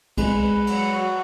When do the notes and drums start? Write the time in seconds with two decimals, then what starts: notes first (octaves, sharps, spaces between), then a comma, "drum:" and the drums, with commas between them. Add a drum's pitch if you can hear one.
0.17 G#3 B4, drum: kick B1, cymbal
0.42 B4
0.67 F#3, drum: cymbal
0.92 F#4